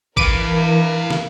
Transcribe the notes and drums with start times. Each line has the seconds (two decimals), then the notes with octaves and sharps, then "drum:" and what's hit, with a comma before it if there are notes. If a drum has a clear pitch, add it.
0.17 E3 A#4 B4 F5 D6 D7 D#7, drum: kick
1.10 drum: snare